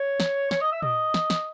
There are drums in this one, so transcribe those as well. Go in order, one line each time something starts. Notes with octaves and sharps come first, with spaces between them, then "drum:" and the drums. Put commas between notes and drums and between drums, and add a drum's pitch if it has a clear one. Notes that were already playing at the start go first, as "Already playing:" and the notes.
Already playing: C#5
drum: snare
C#5, drum: snare
D#5
E5
D#5, drum: tom
drum: snare
drum: snare